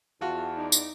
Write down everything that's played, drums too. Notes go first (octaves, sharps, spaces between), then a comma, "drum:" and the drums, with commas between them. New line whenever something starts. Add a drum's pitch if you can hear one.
E2 F4 F#4 A5
D#4 D5
drum: tambourine